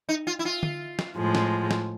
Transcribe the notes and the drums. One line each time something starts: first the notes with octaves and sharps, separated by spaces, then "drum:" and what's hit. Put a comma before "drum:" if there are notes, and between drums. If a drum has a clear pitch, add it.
D#4
F4
E4
F4
drum: tom
drum: snare
A2 F3 G#3
drum: snare
drum: snare